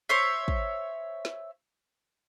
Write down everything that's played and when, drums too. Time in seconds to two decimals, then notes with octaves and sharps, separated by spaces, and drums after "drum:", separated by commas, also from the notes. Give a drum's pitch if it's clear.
0.09 C5 C#5 E5
0.48 drum: kick
1.25 drum: snare